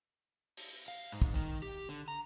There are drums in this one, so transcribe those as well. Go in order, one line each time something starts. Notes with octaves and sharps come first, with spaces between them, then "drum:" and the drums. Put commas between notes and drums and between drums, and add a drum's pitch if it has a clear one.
drum: open hi-hat
F5
G#2
drum: kick
D#3
G4
D3
A#5